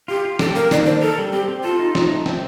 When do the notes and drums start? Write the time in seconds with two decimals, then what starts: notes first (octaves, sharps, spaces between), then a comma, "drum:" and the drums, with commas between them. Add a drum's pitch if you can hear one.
0.08 F4 G4
0.25 F4
0.39 G4 A4, drum: snare
0.55 A#3 A#4
0.71 D#3 D5, drum: snare
0.86 D4 C5
1.02 A4 A#4
1.18 G3
1.33 C4 G4
1.48 C4
1.64 F4 A4
1.79 D#4
1.95 D#4, drum: snare
2.11 A3
2.26 C4, drum: snare